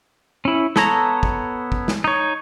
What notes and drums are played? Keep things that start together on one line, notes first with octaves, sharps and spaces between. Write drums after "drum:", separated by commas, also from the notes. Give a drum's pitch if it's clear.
C#4 E4
B3 A4 C#5 A#5, drum: snare
drum: kick
drum: kick
drum: snare
D#4 C#5